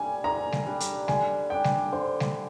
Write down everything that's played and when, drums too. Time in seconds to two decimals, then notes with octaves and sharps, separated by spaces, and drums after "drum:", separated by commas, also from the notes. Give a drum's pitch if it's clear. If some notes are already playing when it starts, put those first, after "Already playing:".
Already playing: G3 D4 G#5
0.24 D3 A#5
0.52 drum: snare G3
0.67 G3 D4
0.80 drum: hi-hat
1.08 D3 G#5, drum: snare G3
1.50 G3 D4 G5
1.64 drum: snare G3
1.92 D3 C5
2.20 drum: snare G3